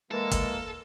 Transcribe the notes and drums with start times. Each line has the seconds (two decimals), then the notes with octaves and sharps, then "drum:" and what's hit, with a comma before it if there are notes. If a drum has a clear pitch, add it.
0.11 E3 G#3 A#3 A4
0.31 drum: kick, hi-hat